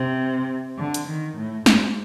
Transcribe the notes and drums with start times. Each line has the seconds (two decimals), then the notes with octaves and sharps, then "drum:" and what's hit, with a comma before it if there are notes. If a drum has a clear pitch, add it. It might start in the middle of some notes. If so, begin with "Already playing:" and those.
Already playing: C3
0.78 D3
0.94 drum: hi-hat
1.08 D#3
1.37 A2
1.66 G#2, drum: snare